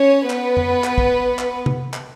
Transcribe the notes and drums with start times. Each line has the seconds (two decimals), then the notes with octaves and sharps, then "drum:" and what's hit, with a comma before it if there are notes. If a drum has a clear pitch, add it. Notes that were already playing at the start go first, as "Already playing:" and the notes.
Already playing: C#4 C#5
0.30 B3 B4, drum: clap
0.57 drum: tom
0.84 drum: clap
0.98 drum: kick
1.39 drum: clap
1.66 drum: tom
1.93 drum: clap